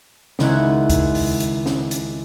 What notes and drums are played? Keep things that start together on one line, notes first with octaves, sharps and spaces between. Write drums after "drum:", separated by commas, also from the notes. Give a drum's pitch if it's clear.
C#2 D#3 G#3 E4 F#5 G#6, drum: snare
drum: kick, hi-hat
drum: open hi-hat
drum: hi-hat
drum: snare
drum: hi-hat